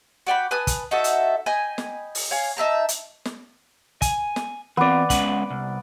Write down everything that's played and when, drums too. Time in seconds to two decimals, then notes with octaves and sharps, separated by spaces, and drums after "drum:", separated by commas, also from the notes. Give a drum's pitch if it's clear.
0.27 F#4 D5 G5 B5
0.51 B4 G#5 A5 D#6
0.67 drum: kick, hi-hat
0.91 D#4 F#4 A4 E5
1.04 drum: hi-hat
1.46 D#5 G5 G#5 B5
1.78 drum: snare
2.15 drum: open hi-hat
2.31 C#5 F5 G#5
2.57 D#4 E5 A5 A#5
2.89 drum: hi-hat
3.25 drum: snare
4.02 G#5, drum: kick, hi-hat
4.36 drum: snare
4.77 E3 B3 C4 D5
5.10 G#3 C#4 F#5, drum: kick, hi-hat
5.50 C2